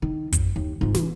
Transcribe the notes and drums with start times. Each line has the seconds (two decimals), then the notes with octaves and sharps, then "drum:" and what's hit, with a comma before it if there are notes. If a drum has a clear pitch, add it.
0.02 D#3
0.32 F#2, drum: kick, hi-hat
0.56 D#2
0.81 G#2 F4
0.95 E3, drum: snare